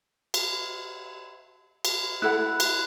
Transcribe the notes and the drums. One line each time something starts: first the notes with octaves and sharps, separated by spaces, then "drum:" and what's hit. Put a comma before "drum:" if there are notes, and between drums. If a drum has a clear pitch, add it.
drum: cymbal
drum: cymbal
E4 A4 F#5 B5 F#6
drum: cymbal